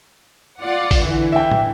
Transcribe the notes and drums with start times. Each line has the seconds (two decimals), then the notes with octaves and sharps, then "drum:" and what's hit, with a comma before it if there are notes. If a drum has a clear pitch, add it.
0.61 F4 D5 F#5
0.91 drum: kick A1, open hi-hat
1.02 D3 E3
1.32 E5 G5
1.51 drum: tom